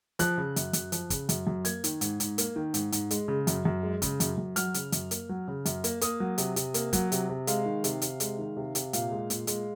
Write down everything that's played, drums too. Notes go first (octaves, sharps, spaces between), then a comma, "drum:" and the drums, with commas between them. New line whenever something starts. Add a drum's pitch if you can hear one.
F3 F#6, drum: hi-hat
C#3
F#2, drum: hi-hat
F#2, drum: hi-hat
F3, drum: hi-hat
C#3, drum: kick, hi-hat
F#2, drum: hi-hat
F#2
A#3 G#6, drum: hi-hat
D#3, drum: hi-hat
G#2, drum: hi-hat
G#2, drum: hi-hat
A#3, drum: hi-hat
D#3
G#2, drum: hi-hat
G#2, drum: hi-hat
G#3, drum: hi-hat
C#3
F#2, drum: hi-hat
F#2
G#3
C#3, drum: kick, hi-hat
F#2, drum: hi-hat
F#2
F#3 F6, drum: hi-hat
C#3, drum: hi-hat
F#2, drum: hi-hat
A#3, drum: hi-hat
F#3
C#3
F#2, drum: hi-hat
A#3, drum: hi-hat
A#3 D#6, drum: hi-hat
F#3
C3, drum: hi-hat
C3, drum: hi-hat
A#3, drum: hi-hat
F#3, drum: kick, hi-hat
C3, drum: hi-hat
C3
G#3 F5, drum: hi-hat
D#3
C3, drum: hi-hat
C3, drum: hi-hat
G#3, drum: hi-hat
D#3
C3
C3, drum: hi-hat
A#2 F5, drum: hi-hat
G#3
A#2, drum: hi-hat
G#3, drum: hi-hat